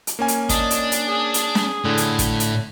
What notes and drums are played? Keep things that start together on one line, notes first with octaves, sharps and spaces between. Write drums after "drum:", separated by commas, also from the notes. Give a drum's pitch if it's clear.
drum: hi-hat
A#3 C#4 G#5
drum: hi-hat
D4 D#5, drum: kick, hi-hat
drum: hi-hat
drum: hi-hat
G#4
drum: hi-hat
drum: snare
A2 D3
drum: hi-hat
drum: kick, hi-hat
drum: hi-hat